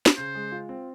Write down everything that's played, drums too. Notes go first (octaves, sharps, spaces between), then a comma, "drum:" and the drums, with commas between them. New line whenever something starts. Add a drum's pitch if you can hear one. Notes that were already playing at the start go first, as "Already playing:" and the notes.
drum: snare
C#3 C5
G#3
F4
C4